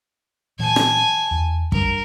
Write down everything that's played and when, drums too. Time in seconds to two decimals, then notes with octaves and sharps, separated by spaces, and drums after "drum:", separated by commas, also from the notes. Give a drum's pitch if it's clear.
0.59 A#2 E3 F#3 G#5 A5
0.76 drum: rim click
1.31 E2
1.72 G2 A#4, drum: kick